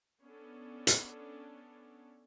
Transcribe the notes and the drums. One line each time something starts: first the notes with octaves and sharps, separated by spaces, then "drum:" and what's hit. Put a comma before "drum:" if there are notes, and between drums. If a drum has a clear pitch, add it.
B3 C#4 D4 A4
drum: hi-hat